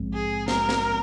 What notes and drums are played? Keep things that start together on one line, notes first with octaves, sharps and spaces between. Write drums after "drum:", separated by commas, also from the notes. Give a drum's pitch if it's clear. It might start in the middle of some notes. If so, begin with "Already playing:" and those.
Already playing: A#1 G#2 F3 G#3 C4
G#4
A#4, drum: snare
drum: snare